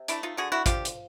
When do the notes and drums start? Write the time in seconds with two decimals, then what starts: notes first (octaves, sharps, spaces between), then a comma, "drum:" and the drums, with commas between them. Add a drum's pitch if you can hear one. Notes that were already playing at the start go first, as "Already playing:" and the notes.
Already playing: C3
0.08 A3 D4 E4, drum: hi-hat
0.23 D#4 F4
0.37 D3 F#4 G#4
0.52 E4 F#4
0.66 F3 F4 G4, drum: kick A1, hi-hat
0.85 drum: hi-hat